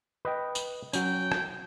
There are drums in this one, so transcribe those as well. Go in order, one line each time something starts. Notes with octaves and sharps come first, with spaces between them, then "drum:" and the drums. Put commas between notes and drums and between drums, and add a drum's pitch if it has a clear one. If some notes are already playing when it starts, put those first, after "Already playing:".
B4 D#5 G5
drum: tambourine
F#3 C#4 G5, drum: tambourine
drum: rim click